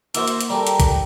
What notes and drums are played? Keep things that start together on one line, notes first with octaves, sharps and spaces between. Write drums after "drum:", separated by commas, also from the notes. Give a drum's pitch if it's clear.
A#3 E4 F#4 C5 E5, drum: hi-hat
drum: hi-hat
drum: hi-hat
G3 G4 A4 A#4 G5 A#5
drum: hi-hat
drum: kick A#1, hi-hat